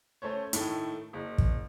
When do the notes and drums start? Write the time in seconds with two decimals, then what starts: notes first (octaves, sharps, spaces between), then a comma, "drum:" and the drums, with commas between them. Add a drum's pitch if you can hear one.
0.22 A3 C#4 C5 C#5
0.53 A2 D#3 A3, drum: hi-hat
1.13 F#1
1.38 drum: kick